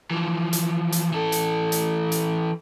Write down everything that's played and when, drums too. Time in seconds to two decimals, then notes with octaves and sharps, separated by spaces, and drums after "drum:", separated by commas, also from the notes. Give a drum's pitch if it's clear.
0.11 E3 F3
0.53 drum: hi-hat
0.92 drum: hi-hat
1.12 E3 A4
1.32 drum: hi-hat
1.72 drum: hi-hat
2.12 drum: hi-hat